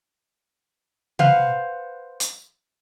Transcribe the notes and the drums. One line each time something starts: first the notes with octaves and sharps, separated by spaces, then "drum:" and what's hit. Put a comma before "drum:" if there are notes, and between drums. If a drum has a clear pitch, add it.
B4 C5 F5 F#5, drum: tom C3
drum: hi-hat